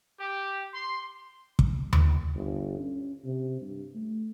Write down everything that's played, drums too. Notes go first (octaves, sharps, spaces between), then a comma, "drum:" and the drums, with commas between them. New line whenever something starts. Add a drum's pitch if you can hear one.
G4
C6
drum: kick
drum: tom D#2
G1
C#4
C3
G2
A3